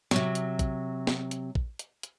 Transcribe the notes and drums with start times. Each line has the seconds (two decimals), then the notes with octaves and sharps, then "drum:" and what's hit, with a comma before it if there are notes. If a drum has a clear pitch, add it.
0.11 C3 F#3, drum: snare
0.35 drum: hi-hat
0.59 drum: kick, hi-hat
1.07 drum: snare
1.31 drum: hi-hat
1.55 drum: kick
1.79 drum: hi-hat
2.03 drum: hi-hat